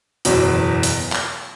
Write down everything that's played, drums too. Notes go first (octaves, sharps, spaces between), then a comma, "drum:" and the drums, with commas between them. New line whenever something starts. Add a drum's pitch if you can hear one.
F#1 E2 B2 F#3, drum: hi-hat
drum: hi-hat
drum: clap